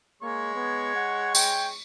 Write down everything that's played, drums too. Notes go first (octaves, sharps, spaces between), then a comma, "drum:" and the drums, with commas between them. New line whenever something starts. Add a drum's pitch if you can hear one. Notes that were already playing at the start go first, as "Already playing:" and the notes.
G#3 A#3 C#5 C#6
B3
F#5
G5, drum: tambourine